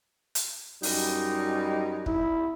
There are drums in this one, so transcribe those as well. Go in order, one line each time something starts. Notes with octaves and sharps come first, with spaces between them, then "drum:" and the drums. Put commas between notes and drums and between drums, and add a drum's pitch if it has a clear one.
drum: hi-hat
F#2 G3 D#4, drum: open hi-hat
E4, drum: kick